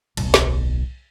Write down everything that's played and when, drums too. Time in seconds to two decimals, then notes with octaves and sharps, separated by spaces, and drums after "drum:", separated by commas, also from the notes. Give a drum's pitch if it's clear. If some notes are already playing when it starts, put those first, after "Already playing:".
0.17 D1 B1, drum: cymbal
0.34 drum: snare